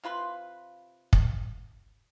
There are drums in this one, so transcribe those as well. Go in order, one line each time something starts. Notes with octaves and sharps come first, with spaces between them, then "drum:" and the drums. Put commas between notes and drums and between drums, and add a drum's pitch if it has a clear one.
C3 F4 B4 C6
drum: kick